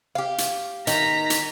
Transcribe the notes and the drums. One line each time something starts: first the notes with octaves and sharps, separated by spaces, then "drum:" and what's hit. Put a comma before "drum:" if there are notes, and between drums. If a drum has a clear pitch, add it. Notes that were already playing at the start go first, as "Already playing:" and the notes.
G4 F5
drum: hi-hat
D#3 A#5 B6, drum: hi-hat
drum: hi-hat